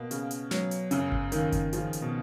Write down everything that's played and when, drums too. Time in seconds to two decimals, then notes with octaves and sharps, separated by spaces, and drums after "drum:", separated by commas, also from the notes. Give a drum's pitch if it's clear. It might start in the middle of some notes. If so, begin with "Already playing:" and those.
Already playing: B2 A#3
0.11 C#3, drum: hi-hat
0.31 drum: hi-hat
0.51 F#3, drum: snare
0.71 drum: hi-hat
0.91 F#2 C#3, drum: hi-hat
1.12 drum: kick G1
1.32 D#3 A#3, drum: hi-hat
1.52 drum: kick G1, hi-hat
1.73 C#3 F3, drum: hi-hat
1.93 drum: hi-hat
2.02 B2